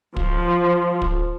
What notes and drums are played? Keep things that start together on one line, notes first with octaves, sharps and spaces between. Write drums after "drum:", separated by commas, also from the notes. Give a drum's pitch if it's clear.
F3, drum: kick
drum: kick